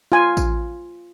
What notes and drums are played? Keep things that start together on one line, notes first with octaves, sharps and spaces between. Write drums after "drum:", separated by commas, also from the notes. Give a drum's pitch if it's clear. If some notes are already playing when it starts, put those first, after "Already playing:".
F4 G#5
drum: kick A1, tambourine